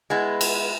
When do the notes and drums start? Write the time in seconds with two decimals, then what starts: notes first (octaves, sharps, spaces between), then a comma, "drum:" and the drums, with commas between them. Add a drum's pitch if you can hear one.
0.10 G#3 B3 E4
0.41 drum: cymbal